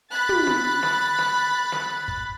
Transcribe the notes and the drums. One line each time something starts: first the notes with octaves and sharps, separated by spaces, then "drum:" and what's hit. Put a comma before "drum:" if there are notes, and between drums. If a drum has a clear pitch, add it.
B5 F#6 A6
drum: tom
drum: snare
drum: snare
drum: snare
drum: snare
drum: kick